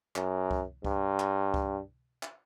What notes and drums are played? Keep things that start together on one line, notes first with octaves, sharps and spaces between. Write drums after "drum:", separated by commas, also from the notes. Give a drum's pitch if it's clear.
F#2, drum: clap
drum: kick C2
G2, drum: kick C2
drum: clap
drum: kick C2
drum: clap